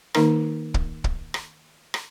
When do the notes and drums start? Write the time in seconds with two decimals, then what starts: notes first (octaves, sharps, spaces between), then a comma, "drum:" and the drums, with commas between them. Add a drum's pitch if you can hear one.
0.14 D#3 A#3 D#4 A#4 A#5, drum: rim click
0.74 drum: kick
1.04 drum: kick
1.34 drum: rim click
1.94 drum: rim click